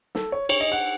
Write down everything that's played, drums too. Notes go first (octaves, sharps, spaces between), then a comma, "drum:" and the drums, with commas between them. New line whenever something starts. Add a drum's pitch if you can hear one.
A4, drum: snare
C#5
C#5, drum: cymbal
D#5
F#5